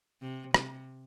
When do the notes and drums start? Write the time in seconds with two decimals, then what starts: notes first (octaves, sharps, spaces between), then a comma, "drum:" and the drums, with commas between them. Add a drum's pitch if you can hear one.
0.21 C3
0.54 C3, drum: rim click